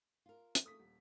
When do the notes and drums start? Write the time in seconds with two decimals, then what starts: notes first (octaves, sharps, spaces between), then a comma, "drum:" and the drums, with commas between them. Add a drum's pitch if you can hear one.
0.26 F4 A#4
0.55 drum: hi-hat
0.64 A3 D#6 B6
0.79 D#1